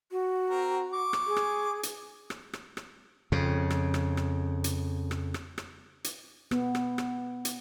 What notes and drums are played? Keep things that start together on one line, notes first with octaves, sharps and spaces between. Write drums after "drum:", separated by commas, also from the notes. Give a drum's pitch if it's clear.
F#4
C4 A#4
C#6 D6
drum: rim click
G#4
drum: rim click
drum: hi-hat
drum: rim click
drum: rim click
drum: rim click
F2 C#3
drum: rim click
drum: rim click
drum: rim click
drum: hi-hat
drum: rim click
drum: rim click
drum: rim click
drum: hi-hat
B3, drum: rim click
drum: rim click
drum: rim click
drum: hi-hat